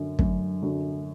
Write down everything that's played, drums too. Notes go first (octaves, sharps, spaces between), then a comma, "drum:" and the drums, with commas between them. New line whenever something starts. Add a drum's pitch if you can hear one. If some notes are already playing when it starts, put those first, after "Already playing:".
Already playing: F#2 D3 F#3
F#2, drum: kick
D3 F#3